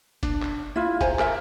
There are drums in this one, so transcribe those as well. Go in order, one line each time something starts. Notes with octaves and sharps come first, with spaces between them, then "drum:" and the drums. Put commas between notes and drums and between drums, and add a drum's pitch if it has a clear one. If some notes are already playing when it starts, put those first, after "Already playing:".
D4, drum: kick, hi-hat
drum: clap
E4 F4
C5 G#5 A#5, drum: kick, hi-hat
A#4 E5, drum: clap